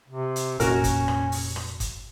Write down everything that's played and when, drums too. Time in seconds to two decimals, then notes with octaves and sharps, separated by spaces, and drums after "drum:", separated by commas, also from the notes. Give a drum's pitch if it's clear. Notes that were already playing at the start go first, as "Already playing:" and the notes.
0.08 C3
0.36 drum: hi-hat
0.60 F1 A#2 C#4 F#4 A#4, drum: hi-hat
0.84 drum: kick F#1, hi-hat
1.08 drum: rim click
1.32 drum: open hi-hat
1.56 drum: rim click
1.80 drum: kick F#1, hi-hat